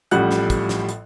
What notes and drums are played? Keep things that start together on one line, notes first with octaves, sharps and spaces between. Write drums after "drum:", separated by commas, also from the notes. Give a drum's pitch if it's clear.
A1 A2 F3 G3 F#5 F#6, drum: hi-hat
drum: snare
drum: kick, hi-hat
drum: snare
drum: hi-hat